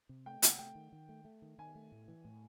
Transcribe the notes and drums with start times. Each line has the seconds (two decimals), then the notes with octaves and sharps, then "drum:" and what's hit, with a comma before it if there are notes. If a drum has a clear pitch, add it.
0.09 C3
0.26 A3 G5
0.42 C3 F#5, drum: hi-hat
0.59 A3 G5
0.75 D#3
0.92 D#3
1.09 A3
1.25 A3
1.42 D#3
1.58 D#3 G#5
1.75 A3
1.92 A2
2.08 E3
2.25 A2